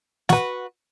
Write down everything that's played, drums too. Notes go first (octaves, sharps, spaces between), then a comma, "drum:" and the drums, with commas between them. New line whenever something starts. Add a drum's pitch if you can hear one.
F#4 B4, drum: snare